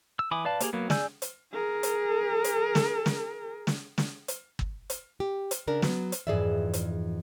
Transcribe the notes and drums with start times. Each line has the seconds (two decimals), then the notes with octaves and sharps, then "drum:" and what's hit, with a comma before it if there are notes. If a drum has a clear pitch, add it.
0.19 E6
0.31 E3 G#5 B5 D6 D#6
0.45 B4 D5 F5 A5
0.60 A#3 G4 G#4, drum: hi-hat
0.73 F#3 A#3 B3
0.90 G#4 D5 G#5 E6 G6, drum: snare
1.22 drum: hi-hat
1.53 G#4 A#4
1.83 drum: hi-hat
2.44 drum: hi-hat
2.75 drum: snare
3.06 drum: snare
3.67 drum: snare
3.98 drum: snare
4.28 drum: hi-hat
4.59 drum: kick
4.90 drum: hi-hat
5.20 G4
5.51 drum: hi-hat
5.67 C#3 D4 A#4
5.82 F#3 B3, drum: snare
6.12 drum: hi-hat
6.27 F2 G#2 E3 G#4 D5 E5
6.73 drum: hi-hat